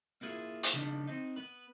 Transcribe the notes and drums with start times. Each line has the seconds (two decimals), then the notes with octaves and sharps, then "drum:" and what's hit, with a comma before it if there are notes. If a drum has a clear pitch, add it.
0.21 A#3 B3 E4 F4 G#4
0.63 drum: hi-hat
0.73 C#3 F3 G3 B3 D4 D#4
1.07 C4 D#4
1.36 B3 B4